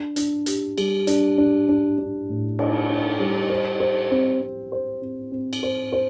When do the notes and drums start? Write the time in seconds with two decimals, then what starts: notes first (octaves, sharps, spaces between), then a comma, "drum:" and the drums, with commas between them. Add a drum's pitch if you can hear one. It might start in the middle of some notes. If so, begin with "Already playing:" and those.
Already playing: D4
0.16 D4, drum: hi-hat
0.46 G4, drum: hi-hat
0.78 G3, drum: cymbal
1.07 D4, drum: hi-hat
1.38 D4
1.69 D4
1.98 D4
2.29 A2
2.59 D4, drum: cymbal
2.90 D4
3.20 G3
3.50 C5
3.80 C5
4.11 C4
4.41 C4
4.72 C5
5.02 C4
5.32 C4
5.53 drum: cymbal
5.63 C5
5.93 C5